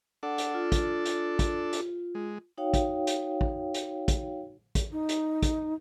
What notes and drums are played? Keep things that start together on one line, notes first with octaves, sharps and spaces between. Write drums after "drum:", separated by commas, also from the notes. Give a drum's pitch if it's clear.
D4 A4 F#5
drum: hi-hat
F4
drum: kick, hi-hat
drum: hi-hat
drum: kick, hi-hat
drum: hi-hat
G#3
D#4 F#4 C#5 F5 G5
drum: kick, hi-hat
drum: hi-hat
drum: kick
drum: hi-hat
drum: kick, hi-hat
drum: kick, hi-hat
D#4
drum: hi-hat
drum: kick, hi-hat